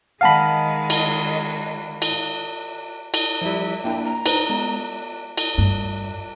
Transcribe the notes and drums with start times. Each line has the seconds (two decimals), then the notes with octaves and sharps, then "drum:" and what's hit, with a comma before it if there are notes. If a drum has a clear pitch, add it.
0.21 D#3 G#3 F5 F#5 A5 B5
0.90 drum: cymbal
2.02 drum: cymbal
3.14 drum: cymbal
3.41 F3 G3 E4
3.84 A#3 D4 E4 G5
4.04 A#5
4.26 D#4 B4 C5, drum: cymbal
4.50 G#3 B3
5.37 drum: cymbal
5.58 G2